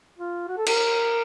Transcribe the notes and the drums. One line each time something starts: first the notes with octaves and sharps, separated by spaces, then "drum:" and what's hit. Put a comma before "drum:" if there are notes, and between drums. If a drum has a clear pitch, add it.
F4
F#4
A4
A#4, drum: cymbal